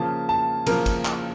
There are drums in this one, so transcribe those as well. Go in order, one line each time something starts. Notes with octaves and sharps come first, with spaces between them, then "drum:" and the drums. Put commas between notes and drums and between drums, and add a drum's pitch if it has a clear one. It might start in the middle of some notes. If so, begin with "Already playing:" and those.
Already playing: C#3 F3 A#3 A5
A5
C#3 F3 A#3 A#4, drum: cymbal
drum: kick G#1, cymbal
drum: clap